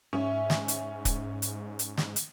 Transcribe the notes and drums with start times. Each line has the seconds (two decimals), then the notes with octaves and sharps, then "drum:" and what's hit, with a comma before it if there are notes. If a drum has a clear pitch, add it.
0.13 G#2 C#4 E5 G#5
0.50 drum: snare
0.68 drum: hi-hat
1.05 drum: kick, hi-hat
1.42 drum: hi-hat
1.79 drum: hi-hat
1.97 drum: snare
2.16 drum: hi-hat